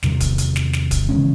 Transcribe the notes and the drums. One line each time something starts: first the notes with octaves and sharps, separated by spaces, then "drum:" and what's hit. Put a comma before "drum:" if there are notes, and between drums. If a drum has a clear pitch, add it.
E2 C3 D#3 G3, drum: snare
drum: kick D1, hi-hat
drum: hi-hat
drum: snare
drum: snare
drum: kick D1, hi-hat
C#3 E3 G#3 C#4